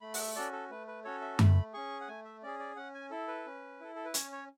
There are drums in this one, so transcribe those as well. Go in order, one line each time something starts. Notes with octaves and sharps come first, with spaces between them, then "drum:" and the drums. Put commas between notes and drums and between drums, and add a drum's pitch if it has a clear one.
A3 B5
F#5, drum: open hi-hat
E5
C#4 F#4 A4 D5
A4
A3 B4
B4
C#4 F#4 A4 C#5
E5
A3 B5, drum: tom F#2
C#4 G#4 C#6
F#5
A3 G#5
E5
C#4 G#4 D5
D5
C#4 F#5
G#5
E4 A4
B4
C#4
E4 A4
A4
B4
C#4 C#5, drum: hi-hat
C#5